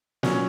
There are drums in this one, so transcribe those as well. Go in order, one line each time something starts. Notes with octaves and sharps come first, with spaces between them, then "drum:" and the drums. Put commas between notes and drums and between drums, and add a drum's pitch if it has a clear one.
A#2 F#3 C#4, drum: snare